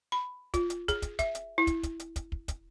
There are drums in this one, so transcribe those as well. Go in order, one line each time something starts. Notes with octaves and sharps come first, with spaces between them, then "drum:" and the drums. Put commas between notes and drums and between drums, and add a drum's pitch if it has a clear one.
B5
F4, drum: kick, hi-hat
drum: hi-hat
G#4, drum: kick, hi-hat
drum: kick, hi-hat
E5, drum: kick, hi-hat
drum: hi-hat
E4
drum: kick, hi-hat
drum: kick, hi-hat
drum: hi-hat
drum: kick, hi-hat
drum: kick
drum: kick, hi-hat